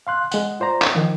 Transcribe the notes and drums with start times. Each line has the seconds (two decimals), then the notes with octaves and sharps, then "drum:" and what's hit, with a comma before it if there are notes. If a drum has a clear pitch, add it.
0.07 F5 C6 F#6
0.32 G#3 F#5, drum: tambourine
0.60 F4 C5 D5 A#5
0.82 drum: clap
0.95 D#3 F3